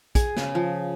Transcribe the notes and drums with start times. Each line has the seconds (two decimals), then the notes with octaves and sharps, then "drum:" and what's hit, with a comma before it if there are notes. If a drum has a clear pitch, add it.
0.15 G#4, drum: kick, hi-hat
0.37 C#3, drum: snare
0.55 F3